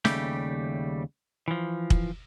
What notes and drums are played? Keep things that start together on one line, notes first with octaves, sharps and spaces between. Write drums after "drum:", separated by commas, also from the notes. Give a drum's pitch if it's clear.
D#2 C#3 G3 A3 G4, drum: snare
E3 F3
drum: kick